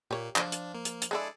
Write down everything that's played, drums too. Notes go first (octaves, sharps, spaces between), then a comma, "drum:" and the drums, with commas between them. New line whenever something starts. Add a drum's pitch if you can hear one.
A#2 A#3 G4 C#5
F3 D4, drum: clap
drum: hi-hat
A#3
drum: hi-hat
drum: hi-hat
G#3 D4 E4 G#4 A4 D5